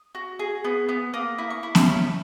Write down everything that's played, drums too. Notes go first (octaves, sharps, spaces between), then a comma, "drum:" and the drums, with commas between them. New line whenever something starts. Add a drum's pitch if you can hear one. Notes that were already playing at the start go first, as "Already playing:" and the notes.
Already playing: D#6
F#4
G#4
B3
B3
A#3 D#6
E4
C#6
E4
drum: snare B3
C#4 B5